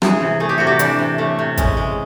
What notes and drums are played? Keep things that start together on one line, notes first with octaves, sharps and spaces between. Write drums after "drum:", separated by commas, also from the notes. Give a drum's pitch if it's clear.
E3 G#4, drum: rim click
C3
A3 G#4
G4
C3 F#4
G4
E3 D4, drum: hi-hat
C3
A3 C#4
C3
G#3 C#4, drum: kick G#1, hi-hat
G#3